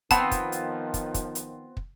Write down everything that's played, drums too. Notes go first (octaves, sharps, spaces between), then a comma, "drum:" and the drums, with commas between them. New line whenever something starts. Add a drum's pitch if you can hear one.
D#3 F3 B3 C4 F4 G5 A5 B5, drum: kick, hi-hat
drum: kick, hi-hat
drum: hi-hat
drum: kick, hi-hat
drum: kick, hi-hat
drum: hi-hat
drum: kick